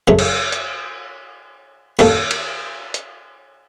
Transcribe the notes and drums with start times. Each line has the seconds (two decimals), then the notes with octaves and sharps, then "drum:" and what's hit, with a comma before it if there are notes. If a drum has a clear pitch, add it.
0.08 F#2 C#3 A3 C#4
0.19 drum: cymbal
0.52 drum: hi-hat
1.99 D#2 D#3 A#3 C#4 A4, drum: cymbal
2.31 drum: cymbal
2.94 drum: hi-hat